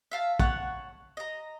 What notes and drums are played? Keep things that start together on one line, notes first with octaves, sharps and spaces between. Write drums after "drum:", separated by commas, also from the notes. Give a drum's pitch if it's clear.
E5 F5 A5
C#5 F#5 A5, drum: kick
D#5 A#5